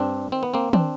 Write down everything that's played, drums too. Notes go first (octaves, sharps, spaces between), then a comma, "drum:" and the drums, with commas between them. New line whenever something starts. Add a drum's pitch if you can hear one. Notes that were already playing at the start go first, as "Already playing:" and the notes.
Already playing: G2 C4 D4
D#3 C4
B3
A#3 C4
C4 D4, drum: tom D#3